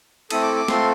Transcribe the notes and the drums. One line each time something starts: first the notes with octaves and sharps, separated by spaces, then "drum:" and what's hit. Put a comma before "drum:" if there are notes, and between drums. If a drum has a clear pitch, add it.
A3 C4 E4 A4 D#6, drum: cymbal
D6
D6
A3 C4 F4 A4 C6, drum: snare